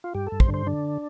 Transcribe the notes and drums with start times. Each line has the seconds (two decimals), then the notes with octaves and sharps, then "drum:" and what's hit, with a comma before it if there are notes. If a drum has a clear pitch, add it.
0.04 F4
0.15 G2 G4
0.27 A4
0.32 G2
0.40 C5, drum: kick
0.48 D3
0.54 C5
0.67 D3 D4